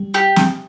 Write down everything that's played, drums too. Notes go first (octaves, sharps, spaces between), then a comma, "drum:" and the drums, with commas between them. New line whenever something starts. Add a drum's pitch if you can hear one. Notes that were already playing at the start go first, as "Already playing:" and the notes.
Already playing: G3
G4
drum: snare